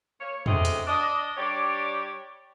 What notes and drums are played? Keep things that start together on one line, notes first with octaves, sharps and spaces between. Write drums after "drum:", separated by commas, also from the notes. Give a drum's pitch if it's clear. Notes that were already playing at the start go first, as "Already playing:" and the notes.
A#3 C#5
D2 A3 C4 G#4 D#5, drum: tom
drum: hi-hat
D4 D#5
G3 D4 G4 C#5 D5